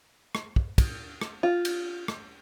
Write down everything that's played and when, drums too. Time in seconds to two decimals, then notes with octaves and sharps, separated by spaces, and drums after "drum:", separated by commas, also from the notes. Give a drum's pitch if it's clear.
0.35 drum: rim click
0.56 drum: kick
0.78 drum: kick, cymbal
1.21 drum: rim click
1.43 F4
1.65 drum: cymbal
2.08 drum: rim click